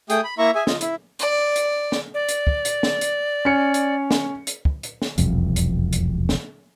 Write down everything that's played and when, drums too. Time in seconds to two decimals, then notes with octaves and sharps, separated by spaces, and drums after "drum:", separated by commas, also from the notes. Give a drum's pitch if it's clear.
0.10 A3 G#4 G5 D#6, drum: hi-hat
0.24 B5
0.38 A#3 E4 E5 A#5 C#6
0.55 G#4 E5 G#5
0.67 F4 D#5, drum: snare
0.81 E4, drum: hi-hat
1.19 D5, drum: hi-hat
1.56 drum: hi-hat
1.92 drum: snare
2.14 D5
2.29 drum: hi-hat
2.47 drum: kick
2.65 drum: hi-hat
2.83 drum: snare
3.01 drum: hi-hat
3.45 C#4 C#7
3.74 drum: hi-hat
4.11 drum: snare
4.47 drum: hi-hat
4.65 drum: kick
4.83 drum: hi-hat
5.02 drum: snare
5.18 E1 C2 F2, drum: hi-hat
5.56 drum: hi-hat
5.93 drum: hi-hat
6.29 drum: snare